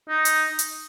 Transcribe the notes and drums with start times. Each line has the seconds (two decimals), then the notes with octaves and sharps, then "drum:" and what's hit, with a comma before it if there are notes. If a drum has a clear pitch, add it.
0.09 D#4
0.25 drum: hi-hat
0.59 drum: hi-hat